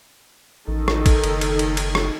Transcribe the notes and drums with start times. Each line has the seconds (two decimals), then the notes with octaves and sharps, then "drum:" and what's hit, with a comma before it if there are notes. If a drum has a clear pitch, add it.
0.68 A1 D#3 D#4 A4
0.88 drum: rim click
1.06 drum: kick, cymbal
1.24 F#1, drum: cymbal
1.41 drum: cymbal
1.59 drum: cymbal
1.77 drum: cymbal
1.95 drum: rim click